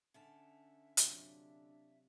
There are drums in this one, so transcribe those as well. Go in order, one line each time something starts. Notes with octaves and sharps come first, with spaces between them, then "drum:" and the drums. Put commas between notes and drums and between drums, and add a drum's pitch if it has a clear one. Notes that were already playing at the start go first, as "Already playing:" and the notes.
D3 C#4 E5 A5
C3 F#3 D4 F4, drum: hi-hat